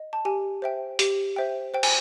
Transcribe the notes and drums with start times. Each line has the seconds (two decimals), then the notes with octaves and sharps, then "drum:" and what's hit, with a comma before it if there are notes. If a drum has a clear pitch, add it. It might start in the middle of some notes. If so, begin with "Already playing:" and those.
Already playing: D#5
0.13 A5
0.25 G4 G#5
0.62 C5 E5 G5
0.99 G4, drum: hi-hat
1.36 C5 E5 G5
1.74 C5 G5
1.83 G#5, drum: cymbal